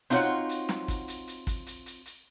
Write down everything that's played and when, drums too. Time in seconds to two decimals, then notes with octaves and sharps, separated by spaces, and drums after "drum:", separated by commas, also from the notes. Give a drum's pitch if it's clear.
0.10 C4 D#4 F4 F#4 C#5 F#5, drum: hi-hat
0.49 drum: hi-hat
0.69 drum: snare
0.88 drum: kick, hi-hat
1.08 drum: hi-hat
1.27 drum: hi-hat
1.47 drum: kick, hi-hat
1.66 drum: hi-hat
1.86 drum: hi-hat
2.05 drum: hi-hat